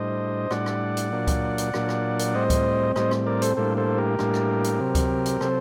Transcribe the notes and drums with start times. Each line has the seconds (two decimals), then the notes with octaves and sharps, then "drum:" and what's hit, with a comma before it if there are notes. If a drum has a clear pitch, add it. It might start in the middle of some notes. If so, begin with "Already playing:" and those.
Already playing: A2 G3 D4 C5 D#5
0.51 A2 G3 D4 D5 F#5, drum: rim click
0.66 drum: rim click
0.97 drum: hi-hat
1.12 A#2 F#3 A#3 D4
1.27 drum: kick C#2, hi-hat
1.58 drum: hi-hat
1.74 A#2 F#3 A#3 D4, drum: rim click
1.89 drum: rim click
2.19 drum: hi-hat
2.35 A2 G3 C4 C5 D#5
2.50 drum: kick C#2, hi-hat
2.96 A2 G3 C4 C5 D#5, drum: rim click
3.11 drum: rim click
3.26 A#4 D5
3.42 A4 C5, drum: hi-hat
3.57 A2 G3 A#3 D4 A4 C5
3.77 A4 C5
3.98 G4 A#4
4.19 A2 G3 A#3 D4, drum: rim click
4.34 drum: rim click
4.64 drum: hi-hat
4.79 C3 F#3 C4
4.95 drum: kick C#2, hi-hat
5.26 drum: hi-hat
5.41 C3 F#3 C4 A4 C5, drum: rim click